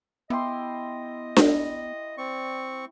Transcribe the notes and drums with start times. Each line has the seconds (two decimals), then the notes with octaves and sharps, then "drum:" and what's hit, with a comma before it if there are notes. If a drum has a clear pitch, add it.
0.30 B3 E4 G4 D#5 C6
1.36 drum: snare D4
2.18 C4 D5 C#6